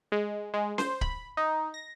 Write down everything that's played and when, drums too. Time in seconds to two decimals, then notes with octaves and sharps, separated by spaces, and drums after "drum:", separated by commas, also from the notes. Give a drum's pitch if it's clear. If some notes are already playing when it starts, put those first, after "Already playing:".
0.12 G#3
0.54 G#3
0.78 C5, drum: snare C#4
1.01 B5, drum: kick D1
1.37 D#4
1.74 A#6